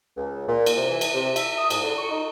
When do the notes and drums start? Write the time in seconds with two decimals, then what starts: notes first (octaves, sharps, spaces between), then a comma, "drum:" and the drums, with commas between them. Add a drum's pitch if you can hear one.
0.17 C#2
0.48 A#2
0.66 drum: cymbal
0.77 C3
0.89 E3
1.01 drum: cymbal
1.14 C3
1.36 E5, drum: cymbal
1.58 D#6
1.70 G#2, drum: cymbal
1.84 D3
1.98 C#6
2.11 D#4